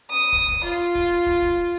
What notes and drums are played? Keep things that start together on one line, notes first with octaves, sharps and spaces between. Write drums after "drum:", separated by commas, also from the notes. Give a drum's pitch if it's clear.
D#6
drum: kick
drum: kick
F4
drum: kick
drum: kick
drum: kick